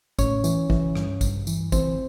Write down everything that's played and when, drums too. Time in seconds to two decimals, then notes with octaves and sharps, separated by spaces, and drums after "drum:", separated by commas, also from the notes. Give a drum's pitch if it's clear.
0.19 A2 C#4 C#5, drum: kick, tambourine
0.44 E3, drum: tambourine
0.70 E3, drum: kick
0.95 G2, drum: rim click
1.21 G2, drum: kick, tambourine
1.47 E3, drum: tambourine
1.72 E3 C4 C5, drum: kick, tambourine